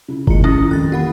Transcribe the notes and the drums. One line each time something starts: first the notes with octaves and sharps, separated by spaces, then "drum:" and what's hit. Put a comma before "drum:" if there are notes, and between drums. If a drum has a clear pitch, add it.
C#3 E4
A#2 D#3 F3 G#3 A#5 C#7, drum: kick F#1
C#4 E4 D#6 A#6
F2 F#6 A6
E3 A#3 E4 G4 F#5 B5